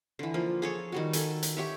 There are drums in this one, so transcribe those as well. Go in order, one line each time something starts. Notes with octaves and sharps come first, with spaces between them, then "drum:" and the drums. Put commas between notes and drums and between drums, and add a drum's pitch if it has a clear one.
D3 E3
F3 A#3
G#4 A4 C#5
D#3 G3 F#4
A4 G#5, drum: hi-hat
drum: hi-hat
G4 C#5 E5